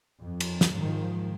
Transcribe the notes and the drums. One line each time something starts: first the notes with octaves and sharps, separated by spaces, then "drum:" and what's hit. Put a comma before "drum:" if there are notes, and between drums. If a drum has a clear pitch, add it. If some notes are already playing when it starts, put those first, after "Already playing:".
F2
drum: cymbal
drum: snare
G#2 D#3 F3